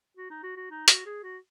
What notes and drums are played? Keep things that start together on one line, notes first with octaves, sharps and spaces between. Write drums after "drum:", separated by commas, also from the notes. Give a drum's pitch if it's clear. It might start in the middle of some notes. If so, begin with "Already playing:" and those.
F#4
D#4
F#4
F#4
D#4
F#4, drum: hi-hat
G#4
F#4